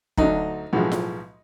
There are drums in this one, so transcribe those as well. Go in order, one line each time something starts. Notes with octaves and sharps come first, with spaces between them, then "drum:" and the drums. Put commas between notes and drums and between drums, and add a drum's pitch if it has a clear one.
D2 D3 F#3 D#4, drum: kick
B1 A2 F3 G#3
drum: snare F4